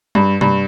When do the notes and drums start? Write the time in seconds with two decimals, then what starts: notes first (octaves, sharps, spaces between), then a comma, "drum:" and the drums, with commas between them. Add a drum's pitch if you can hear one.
0.15 G2, drum: tom G3
0.41 G2, drum: tom C3